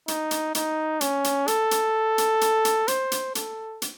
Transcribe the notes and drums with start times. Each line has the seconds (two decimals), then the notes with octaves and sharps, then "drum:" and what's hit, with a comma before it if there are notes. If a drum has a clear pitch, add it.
0.08 D#4, drum: hi-hat
0.31 drum: hi-hat
0.55 D#4, drum: hi-hat
1.01 C#4, drum: hi-hat
1.24 drum: hi-hat
1.48 A4, drum: hi-hat
1.71 drum: hi-hat
2.18 drum: hi-hat
2.41 drum: hi-hat
2.65 drum: hi-hat
2.88 C5, drum: hi-hat
3.12 drum: hi-hat
3.35 A4, drum: hi-hat
3.82 drum: hi-hat